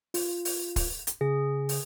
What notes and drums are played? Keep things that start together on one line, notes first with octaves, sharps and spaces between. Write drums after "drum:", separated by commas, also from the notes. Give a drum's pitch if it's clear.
F4, drum: open hi-hat
drum: open hi-hat
drum: kick, open hi-hat
drum: hi-hat
C#3 G#4
drum: open hi-hat